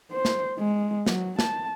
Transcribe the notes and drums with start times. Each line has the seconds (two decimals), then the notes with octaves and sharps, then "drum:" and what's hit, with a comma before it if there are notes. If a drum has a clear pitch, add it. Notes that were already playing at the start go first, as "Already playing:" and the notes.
0.12 C5
0.25 drum: snare
0.59 G#3
1.06 F#3, drum: snare
1.39 A5, drum: snare